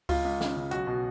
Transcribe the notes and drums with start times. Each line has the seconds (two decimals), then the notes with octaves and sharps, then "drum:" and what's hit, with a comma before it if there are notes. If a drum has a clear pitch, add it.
0.09 C#2 F4, drum: kick C#2, open hi-hat
0.25 C#2
0.41 C#3, drum: snare
0.56 C#3
0.71 B1 F#4, drum: hi-hat
0.87 B2